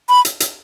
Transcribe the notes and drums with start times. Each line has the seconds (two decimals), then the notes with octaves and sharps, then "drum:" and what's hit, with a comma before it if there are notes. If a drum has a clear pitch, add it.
0.09 B5
0.25 drum: hi-hat
0.40 drum: hi-hat